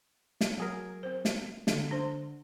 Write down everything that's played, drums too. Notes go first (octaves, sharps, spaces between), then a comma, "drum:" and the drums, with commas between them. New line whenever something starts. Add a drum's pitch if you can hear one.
drum: snare
F#3 G#4 A#4
C4 C5
drum: snare
D3, drum: snare
D4 C5 C6